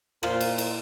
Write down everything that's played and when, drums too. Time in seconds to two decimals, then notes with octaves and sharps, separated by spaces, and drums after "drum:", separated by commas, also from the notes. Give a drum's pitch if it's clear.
0.23 A#2 F4 C5, drum: rim click
0.41 drum: cymbal
0.58 drum: cymbal